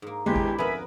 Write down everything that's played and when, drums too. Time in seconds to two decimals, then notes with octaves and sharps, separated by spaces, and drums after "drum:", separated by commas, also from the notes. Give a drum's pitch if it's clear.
0.02 G#2 A#3
0.26 E2 D#3 G#3 D4 E4 G4
0.36 drum: kick G#1
0.58 F2 B3 A#4 B4 E5 G#5 B5